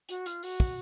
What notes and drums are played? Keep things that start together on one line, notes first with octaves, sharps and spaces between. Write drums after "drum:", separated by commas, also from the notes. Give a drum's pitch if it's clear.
F#4, drum: hi-hat
F4, drum: hi-hat
F#4, drum: open hi-hat
drum: kick